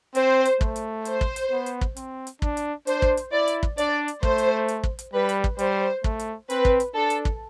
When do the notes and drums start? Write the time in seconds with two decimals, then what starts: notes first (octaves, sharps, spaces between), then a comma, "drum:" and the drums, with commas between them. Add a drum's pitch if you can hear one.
0.15 C4 C5, drum: hi-hat
0.45 drum: hi-hat
0.61 A3, drum: kick
0.76 drum: hi-hat
1.05 C5, drum: hi-hat
1.21 drum: kick
1.36 drum: hi-hat
1.51 B3
1.66 drum: hi-hat
1.81 drum: kick
1.97 C4, drum: hi-hat
2.27 drum: hi-hat
2.42 D4, drum: kick
2.57 drum: hi-hat
2.87 D4 C5, drum: hi-hat
3.02 drum: kick
3.17 drum: hi-hat
3.32 E4 D5
3.48 drum: hi-hat
3.63 drum: kick
3.78 D4 D5, drum: hi-hat
4.08 drum: hi-hat
4.23 A3 C5, drum: kick
4.38 drum: hi-hat
4.68 drum: hi-hat
4.84 drum: kick
4.99 drum: hi-hat
5.14 G3 B4
5.29 drum: hi-hat
5.44 drum: kick
5.59 G3 C5, drum: hi-hat
6.04 A3, drum: kick
6.19 drum: hi-hat
6.50 C4 B4, drum: hi-hat
6.65 drum: kick
6.80 drum: hi-hat
6.95 D4 A4
7.10 drum: hi-hat
7.25 drum: kick